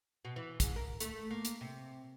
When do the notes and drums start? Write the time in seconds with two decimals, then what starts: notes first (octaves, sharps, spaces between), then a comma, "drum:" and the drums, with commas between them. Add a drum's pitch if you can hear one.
0.25 B2
0.36 E3
0.60 G#2, drum: kick, hi-hat
0.76 A#4
1.00 A3, drum: hi-hat
1.31 A#3
1.45 drum: hi-hat
1.61 C3